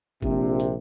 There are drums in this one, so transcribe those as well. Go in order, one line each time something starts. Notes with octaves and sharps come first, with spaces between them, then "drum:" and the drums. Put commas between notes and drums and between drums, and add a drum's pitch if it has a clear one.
A#1 C3, drum: kick G1
drum: hi-hat